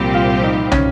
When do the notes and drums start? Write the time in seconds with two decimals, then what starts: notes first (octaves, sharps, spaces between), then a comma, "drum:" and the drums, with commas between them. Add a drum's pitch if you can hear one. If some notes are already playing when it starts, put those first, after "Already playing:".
Already playing: C2 A#2 F3 G3 C4 G4
0.14 F4
0.43 D#4
0.72 C#4, drum: tom